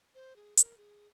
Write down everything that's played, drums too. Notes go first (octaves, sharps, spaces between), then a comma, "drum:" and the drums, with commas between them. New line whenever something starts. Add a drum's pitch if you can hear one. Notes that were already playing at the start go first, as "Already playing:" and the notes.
C5
G#4
A#4, drum: hi-hat
G#4